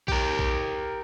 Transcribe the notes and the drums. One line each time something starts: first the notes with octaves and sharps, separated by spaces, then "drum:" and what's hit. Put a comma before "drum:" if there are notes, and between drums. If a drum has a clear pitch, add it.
G4 A#4, drum: kick A#1
drum: kick A#1